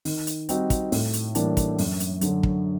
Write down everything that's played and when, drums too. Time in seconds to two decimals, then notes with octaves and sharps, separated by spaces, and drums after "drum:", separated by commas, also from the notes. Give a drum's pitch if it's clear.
0.05 D#3, drum: open hi-hat
0.27 drum: hi-hat
0.49 G3 C4 D#4 F#4, drum: hi-hat
0.70 drum: kick, hi-hat
0.92 A2, drum: open hi-hat
1.13 drum: hi-hat
1.35 E3 G3 A#3 D4, drum: hi-hat
1.57 drum: kick, hi-hat
1.78 F#2, drum: open hi-hat
2.00 drum: hi-hat
2.21 D3 F#3, drum: hi-hat
2.43 drum: kick